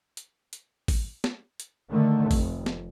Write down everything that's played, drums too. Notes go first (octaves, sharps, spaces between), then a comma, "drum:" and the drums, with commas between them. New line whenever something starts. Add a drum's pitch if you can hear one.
drum: hi-hat
drum: hi-hat
drum: kick, open hi-hat
drum: snare
drum: hi-hat
D3 D#3 A3
F1, drum: kick, open hi-hat
drum: snare